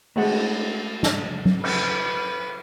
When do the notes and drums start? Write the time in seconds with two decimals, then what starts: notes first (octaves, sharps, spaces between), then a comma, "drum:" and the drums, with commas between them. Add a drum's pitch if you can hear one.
0.16 G#3 A3 E5 F#5, drum: cymbal
1.03 drum: snare
1.46 drum: tom F#3
1.64 B4, drum: cymbal